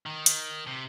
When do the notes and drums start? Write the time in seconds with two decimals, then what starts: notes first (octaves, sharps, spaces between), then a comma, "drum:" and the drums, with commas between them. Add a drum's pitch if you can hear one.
0.06 D#3
0.26 drum: hi-hat
0.67 C3